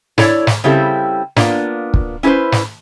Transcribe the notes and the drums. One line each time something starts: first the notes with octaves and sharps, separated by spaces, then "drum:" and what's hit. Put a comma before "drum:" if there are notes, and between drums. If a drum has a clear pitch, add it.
E4 A4 C#5 D5, drum: snare
drum: snare
C#3 G3 C4 E4 G4 A4
A#3 B3 D4 F4, drum: snare
drum: kick
C#4 E4 A4 B4 C5
drum: snare